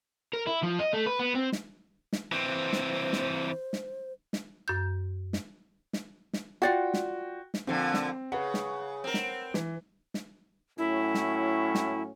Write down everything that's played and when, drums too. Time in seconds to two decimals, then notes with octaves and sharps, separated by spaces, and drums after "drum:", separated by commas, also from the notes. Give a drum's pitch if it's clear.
0.33 A#4
0.47 E4
0.63 F3
0.80 D#5
0.94 A3
1.07 B4
1.20 B3
1.35 C4
1.52 drum: snare
2.13 drum: snare
2.32 E3 C4 C5
2.73 drum: snare
3.13 drum: snare
3.73 drum: snare
4.33 drum: snare
4.68 F#2 G6
5.33 drum: snare
5.93 drum: snare
6.33 drum: snare
6.62 F4 F#4 D5 F#5 G5
6.94 drum: snare
7.54 drum: snare
7.67 A#2 D3 F3 C4
7.94 drum: snare
8.32 C#3 B4 F#5
8.54 drum: snare
9.04 C4 A#4
9.14 drum: snare
9.54 E3, drum: snare
10.14 drum: snare
10.78 A2 F#3 C#4 E4
11.14 drum: snare
11.75 drum: snare